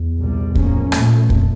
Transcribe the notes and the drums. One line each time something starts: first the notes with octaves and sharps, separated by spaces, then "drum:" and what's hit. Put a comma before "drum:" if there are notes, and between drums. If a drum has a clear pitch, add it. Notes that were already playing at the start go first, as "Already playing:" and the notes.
Already playing: E2
C2 A#2 G3
A2 F3 A#3 C#4, drum: kick
A#2 F3 A3, drum: rim click
F2, drum: kick